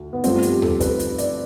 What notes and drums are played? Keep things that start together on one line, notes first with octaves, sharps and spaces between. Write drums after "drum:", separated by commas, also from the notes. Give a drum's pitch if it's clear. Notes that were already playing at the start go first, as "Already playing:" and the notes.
Already playing: D2
B3
G2 F3 A3 C4, drum: hi-hat
G4, drum: hi-hat
A4, drum: tom D#2
B4, drum: kick, hi-hat
drum: hi-hat
D5, drum: hi-hat